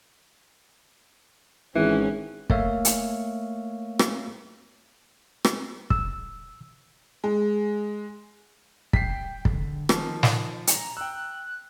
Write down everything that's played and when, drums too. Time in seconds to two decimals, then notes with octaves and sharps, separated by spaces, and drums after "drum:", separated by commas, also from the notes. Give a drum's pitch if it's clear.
1.75 G#1 E3 C#4 G#4
2.50 A3 A#3 C#5 E5 F5, drum: kick
2.85 drum: hi-hat
3.99 drum: rim click
5.45 drum: rim click
5.90 E6, drum: kick
7.24 G#3
8.93 G5 B6 C7, drum: kick
9.45 D3, drum: kick
9.89 D#3 F3, drum: rim click
10.23 drum: snare
10.67 A#5, drum: hi-hat
10.97 G5 E6 F#6